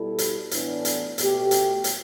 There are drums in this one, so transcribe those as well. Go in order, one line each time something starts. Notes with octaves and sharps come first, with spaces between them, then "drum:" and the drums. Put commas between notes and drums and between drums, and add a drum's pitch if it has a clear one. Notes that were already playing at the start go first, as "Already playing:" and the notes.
Already playing: B2 G3 E4 A4
drum: hi-hat
A2 E3 B3 D4, drum: hi-hat
drum: hi-hat
B2 A3 G4, drum: hi-hat
drum: hi-hat
drum: hi-hat